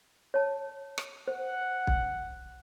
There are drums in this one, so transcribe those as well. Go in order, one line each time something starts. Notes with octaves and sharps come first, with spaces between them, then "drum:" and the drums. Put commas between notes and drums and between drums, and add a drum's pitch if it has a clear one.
C#5 A5
drum: rim click
C5 F#5
drum: kick